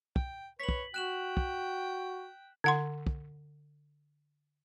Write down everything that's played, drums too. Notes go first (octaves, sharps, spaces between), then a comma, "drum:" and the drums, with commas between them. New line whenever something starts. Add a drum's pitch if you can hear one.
G5, drum: kick
B4 C#5 B6 F#7
drum: kick
F#4 G5 F#6 E7 F#7
drum: kick
D3 F#5 C6
drum: kick